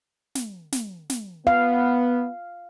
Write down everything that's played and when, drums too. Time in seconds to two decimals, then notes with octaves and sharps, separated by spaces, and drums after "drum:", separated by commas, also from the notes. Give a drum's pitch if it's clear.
0.35 drum: snare
0.72 drum: snare
1.10 drum: snare
1.47 B3 F5